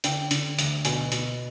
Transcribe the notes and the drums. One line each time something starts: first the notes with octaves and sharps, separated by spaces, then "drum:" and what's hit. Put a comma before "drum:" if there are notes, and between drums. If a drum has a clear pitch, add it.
D3 G5, drum: hi-hat
D3, drum: hi-hat
D2, drum: hi-hat
B2 G#5, drum: hi-hat
B2, drum: hi-hat